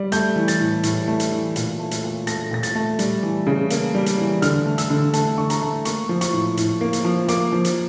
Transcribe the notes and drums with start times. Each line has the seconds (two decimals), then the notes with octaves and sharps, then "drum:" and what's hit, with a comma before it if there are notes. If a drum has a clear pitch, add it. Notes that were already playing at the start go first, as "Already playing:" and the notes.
Already playing: G3
0.12 A3 G6, drum: hi-hat
0.36 E3
0.48 A6, drum: hi-hat
0.60 A2
0.83 A2, drum: hi-hat
1.08 A3
1.20 drum: hi-hat
1.32 E3
1.56 A#2, drum: hi-hat
1.79 A3
1.91 drum: hi-hat
2.04 A#2
2.27 A3 A#6, drum: hi-hat
2.51 A#2 A#6
2.63 A6, drum: hi-hat
2.75 A3
2.99 G3, drum: hi-hat
3.23 E3
3.47 C#3
3.70 A#3, drum: hi-hat
3.94 G3
4.06 drum: hi-hat
4.18 E3
4.42 D3 F6, drum: hi-hat
4.66 A3
4.78 E6, drum: hi-hat
4.90 D3
5.13 A3 A5, drum: hi-hat
5.38 D3 C#6
5.50 A#5, drum: hi-hat
5.62 A3
5.85 A#3 C#6, drum: hi-hat
6.09 F3
6.21 C#6, drum: hi-hat
6.33 A2
6.57 A2, drum: hi-hat
6.81 A#3
6.93 drum: hi-hat
7.05 F3
7.28 A#3 D6, drum: hi-hat
7.52 F3
7.65 drum: hi-hat